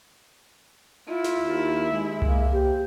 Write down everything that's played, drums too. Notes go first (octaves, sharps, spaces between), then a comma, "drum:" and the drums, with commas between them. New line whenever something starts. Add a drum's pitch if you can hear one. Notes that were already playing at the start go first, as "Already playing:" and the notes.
E4 F4
drum: snare
D#2
D#2 G#3
A#3, drum: tom C2
G4 C5